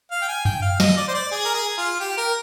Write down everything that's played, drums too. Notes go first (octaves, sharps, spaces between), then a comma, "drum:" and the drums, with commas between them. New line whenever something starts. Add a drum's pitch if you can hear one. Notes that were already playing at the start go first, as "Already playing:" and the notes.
F5
G5
G#5
G5, drum: tom F#2
F5
D#5, drum: snare
D5
C5
D5
G#4
A#4
G#4
F4
G4
A#4